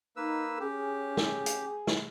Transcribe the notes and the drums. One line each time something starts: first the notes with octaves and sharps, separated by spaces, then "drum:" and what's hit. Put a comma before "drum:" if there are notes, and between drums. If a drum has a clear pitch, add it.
A#3 D#4 B4 E6
C#4 G4 G#4
drum: snare
drum: hi-hat
drum: snare